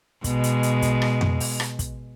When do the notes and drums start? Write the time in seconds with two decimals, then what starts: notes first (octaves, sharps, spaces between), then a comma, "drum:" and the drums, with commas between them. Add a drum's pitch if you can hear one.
0.24 B2 G#3, drum: kick, hi-hat
0.44 drum: hi-hat
0.63 drum: hi-hat
0.82 drum: kick, hi-hat
1.02 drum: rim click
1.21 drum: tom F2
1.40 drum: open hi-hat
1.60 drum: rim click
1.79 drum: kick, hi-hat